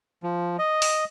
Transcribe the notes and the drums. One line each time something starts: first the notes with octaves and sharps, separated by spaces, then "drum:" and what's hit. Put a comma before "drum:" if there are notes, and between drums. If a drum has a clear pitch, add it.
F3
D#5
drum: open hi-hat